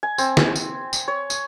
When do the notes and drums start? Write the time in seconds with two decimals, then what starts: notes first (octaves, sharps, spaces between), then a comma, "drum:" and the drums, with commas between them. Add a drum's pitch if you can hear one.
0.03 G#5
0.18 C4, drum: tambourine
0.37 drum: snare
0.56 drum: tambourine
0.93 drum: tambourine
1.08 C#5
1.30 drum: tambourine